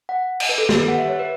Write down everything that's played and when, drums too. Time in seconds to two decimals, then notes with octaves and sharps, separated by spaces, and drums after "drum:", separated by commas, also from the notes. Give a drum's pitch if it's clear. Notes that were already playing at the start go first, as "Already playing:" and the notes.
0.09 F#5
0.40 drum: cymbal
0.49 B4
0.58 A4
0.69 G4, drum: snare
0.79 B4
0.88 F#5
0.98 E5
1.08 C#5
1.19 B4